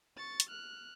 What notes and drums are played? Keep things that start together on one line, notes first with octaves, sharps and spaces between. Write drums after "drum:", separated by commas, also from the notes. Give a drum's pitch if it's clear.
C#6 A6
drum: hi-hat
F6 F#6